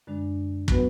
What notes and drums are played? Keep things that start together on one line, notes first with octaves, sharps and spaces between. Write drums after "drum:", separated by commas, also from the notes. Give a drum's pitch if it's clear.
F#2 D3 G#3 D4
F#3 B3 F#4 B4, drum: kick